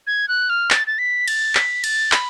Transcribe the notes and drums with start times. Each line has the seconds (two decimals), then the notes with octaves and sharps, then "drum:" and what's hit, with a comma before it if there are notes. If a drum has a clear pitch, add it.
0.07 G#6
0.28 F#6
0.49 F6
0.70 A6, drum: clap
0.87 A6
0.98 B6
1.28 A6, drum: cymbal
1.55 B6, drum: clap
1.84 A6, drum: cymbal
2.12 B5, drum: clap